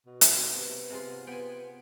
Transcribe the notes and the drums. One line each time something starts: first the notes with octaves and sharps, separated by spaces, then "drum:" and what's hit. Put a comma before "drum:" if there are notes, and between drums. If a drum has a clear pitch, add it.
B2
drum: hi-hat
C3 D#3 B3
C3 G#3 F4
B3 G5 G#5